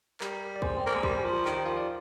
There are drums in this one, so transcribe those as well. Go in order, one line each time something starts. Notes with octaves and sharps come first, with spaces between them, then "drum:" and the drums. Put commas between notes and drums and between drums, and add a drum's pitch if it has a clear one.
G3 A#4, drum: clap
D5
G#3 C5, drum: kick
C4
A#3
G#3
G3 C5, drum: kick
F3 A#4
D#3 G4, drum: clap
F3 F5
D5